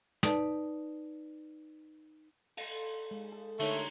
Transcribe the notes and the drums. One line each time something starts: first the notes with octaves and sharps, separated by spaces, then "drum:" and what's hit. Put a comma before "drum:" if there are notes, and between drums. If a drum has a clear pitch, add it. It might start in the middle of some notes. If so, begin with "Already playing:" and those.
D#4 B4 D5 A5, drum: snare
A4 C6, drum: cymbal
G#3
A4
D3 A3 D#4 C5 C#5, drum: cymbal